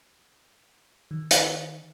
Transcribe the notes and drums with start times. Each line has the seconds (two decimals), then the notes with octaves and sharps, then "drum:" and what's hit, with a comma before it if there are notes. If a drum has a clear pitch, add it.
1.11 D#3
1.31 drum: hi-hat